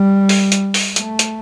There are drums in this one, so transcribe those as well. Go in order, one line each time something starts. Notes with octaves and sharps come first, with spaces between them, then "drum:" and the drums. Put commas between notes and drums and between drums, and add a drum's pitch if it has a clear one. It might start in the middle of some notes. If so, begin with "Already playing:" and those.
Already playing: G3
drum: open hi-hat
drum: hi-hat
drum: open hi-hat
A3, drum: hi-hat
drum: hi-hat